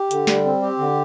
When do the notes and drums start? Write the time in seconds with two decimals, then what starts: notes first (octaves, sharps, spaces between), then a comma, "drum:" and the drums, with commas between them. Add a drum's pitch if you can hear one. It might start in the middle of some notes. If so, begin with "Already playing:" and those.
Already playing: G4
0.11 D3, drum: hi-hat
0.27 G3, drum: snare
0.45 C4
0.62 G4
0.78 D3